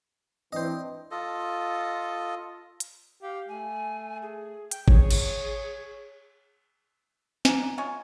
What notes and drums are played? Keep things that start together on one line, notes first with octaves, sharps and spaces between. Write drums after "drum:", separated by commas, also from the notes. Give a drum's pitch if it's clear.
E3 C4 D4 C5 D#5
F4 A4 D#5
drum: hi-hat
G4 F5
A3 G#5
G#4
G5, drum: hi-hat
G#4 C#5, drum: kick G#1
drum: cymbal
A#3 D4 G#5, drum: snare
G#3 F4 C#5 G#5